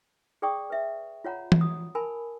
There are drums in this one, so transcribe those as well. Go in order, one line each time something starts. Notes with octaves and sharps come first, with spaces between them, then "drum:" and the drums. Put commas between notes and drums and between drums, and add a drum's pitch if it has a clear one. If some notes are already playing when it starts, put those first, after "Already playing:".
G#4 D5 G5 C#6 D#6
B4 E5
F4 C#5 F#5 A#5 B5
drum: tom E3
D#6
A#4 G#5 A5 B5